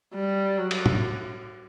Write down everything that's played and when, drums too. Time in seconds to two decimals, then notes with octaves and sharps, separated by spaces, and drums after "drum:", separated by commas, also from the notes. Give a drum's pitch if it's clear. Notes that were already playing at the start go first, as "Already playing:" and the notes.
0.14 G3
0.58 F#3
0.71 drum: cymbal
0.86 drum: tom A2